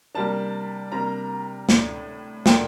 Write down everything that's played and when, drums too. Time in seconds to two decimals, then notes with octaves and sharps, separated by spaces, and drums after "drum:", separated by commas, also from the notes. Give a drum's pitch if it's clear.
0.15 C3 G3 A#3 D4 A5
0.92 C3 G3 A#3 D4 A#5
1.69 A2 A3 D4, drum: snare
2.46 A#2 F#3 A3 D4 G5, drum: snare